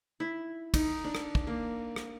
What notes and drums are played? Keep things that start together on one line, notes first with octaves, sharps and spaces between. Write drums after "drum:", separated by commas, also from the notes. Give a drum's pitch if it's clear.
E4
D#4, drum: kick, cymbal
D4
drum: rim click
drum: kick
A#3
drum: rim click